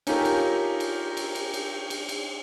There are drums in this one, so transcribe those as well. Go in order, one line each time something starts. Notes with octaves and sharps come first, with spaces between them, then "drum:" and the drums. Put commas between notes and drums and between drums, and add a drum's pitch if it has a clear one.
C#4 D#4 F4 G4 A4 A#4, drum: cymbal
drum: cymbal
drum: cymbal
drum: cymbal
drum: cymbal
drum: cymbal
drum: cymbal
drum: cymbal